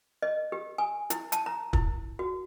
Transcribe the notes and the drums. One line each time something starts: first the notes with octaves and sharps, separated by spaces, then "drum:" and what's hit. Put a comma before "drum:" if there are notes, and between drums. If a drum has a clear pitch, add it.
D#5
G4
G#5
E4, drum: hi-hat
A5, drum: hi-hat
A#5
E4, drum: kick
F#4